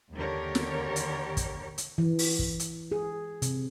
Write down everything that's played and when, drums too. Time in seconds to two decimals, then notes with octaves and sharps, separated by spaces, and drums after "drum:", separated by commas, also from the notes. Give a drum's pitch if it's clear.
0.14 D#2 D3 G4 A#4 C#5
0.55 drum: snare
0.96 drum: hi-hat
1.37 drum: kick, hi-hat
1.78 drum: hi-hat
1.98 E3
2.19 drum: open hi-hat
2.39 drum: kick
2.60 drum: hi-hat
2.92 G#4
3.42 C3, drum: hi-hat